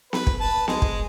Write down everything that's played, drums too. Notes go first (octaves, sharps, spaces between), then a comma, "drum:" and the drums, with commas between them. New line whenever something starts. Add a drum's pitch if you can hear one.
B4, drum: snare B3
drum: kick
B4 A5
G#3 G#4, drum: snare B3
drum: kick